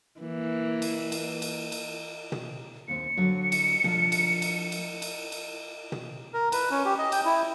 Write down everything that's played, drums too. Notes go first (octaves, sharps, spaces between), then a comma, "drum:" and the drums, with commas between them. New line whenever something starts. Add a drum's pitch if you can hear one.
E3 A#3
drum: cymbal
drum: cymbal
drum: cymbal
drum: cymbal
drum: tom
D#2 C4 C#7
D3 F#3 C#5
drum: cymbal
F3 A3 D4, drum: tom
drum: cymbal
drum: cymbal
drum: cymbal
drum: cymbal
drum: cymbal
drum: tom
A#4
B4, drum: cymbal
C#4
G4
D#5
G5, drum: cymbal
E4